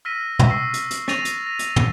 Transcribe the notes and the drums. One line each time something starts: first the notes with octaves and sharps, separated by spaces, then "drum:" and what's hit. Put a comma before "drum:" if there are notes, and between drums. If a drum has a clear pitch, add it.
E6 F6 A#6 B6 D#7
drum: tom
C#6 E6 A#6 C7
drum: hi-hat
drum: hi-hat
A6 A#6 D#7 F7, drum: rim click
drum: hi-hat
A#6 B6
drum: hi-hat
drum: tom